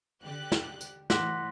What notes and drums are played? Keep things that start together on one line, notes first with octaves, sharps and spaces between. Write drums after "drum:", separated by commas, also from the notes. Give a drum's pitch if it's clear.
D3 G4 F#6
drum: snare
drum: tambourine
A2 E3 F#5 C6 D6 F#6 A#6 B6, drum: snare